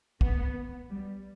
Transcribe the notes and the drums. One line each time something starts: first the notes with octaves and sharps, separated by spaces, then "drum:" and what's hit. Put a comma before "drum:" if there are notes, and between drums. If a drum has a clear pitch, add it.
B3, drum: kick
G3